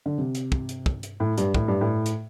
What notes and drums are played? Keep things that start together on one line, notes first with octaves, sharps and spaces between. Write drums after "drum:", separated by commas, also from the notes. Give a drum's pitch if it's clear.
D3
C3
drum: hi-hat
drum: kick
drum: hi-hat
drum: kick
drum: hi-hat
A2
G2, drum: hi-hat
A2, drum: kick
G2
A2
drum: hi-hat